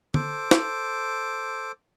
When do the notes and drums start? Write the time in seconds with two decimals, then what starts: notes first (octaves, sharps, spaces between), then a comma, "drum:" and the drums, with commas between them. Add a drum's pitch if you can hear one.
0.14 A4 C5 D6, drum: tom
0.51 drum: snare